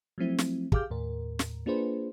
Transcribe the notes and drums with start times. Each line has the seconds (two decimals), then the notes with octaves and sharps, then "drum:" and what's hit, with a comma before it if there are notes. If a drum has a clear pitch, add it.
0.18 F3 F#3 A3 C4 E4
0.38 drum: snare
0.72 G4 G#4 F5 D6 F6 G6, drum: kick
0.90 D#2 A2 A#4
1.39 drum: snare
1.66 A#3 D4 F4 G#4 B4 C5